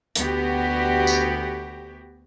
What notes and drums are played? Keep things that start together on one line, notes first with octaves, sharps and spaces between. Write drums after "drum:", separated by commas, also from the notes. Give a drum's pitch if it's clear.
D2 B3 F#4 G4, drum: hi-hat
drum: tambourine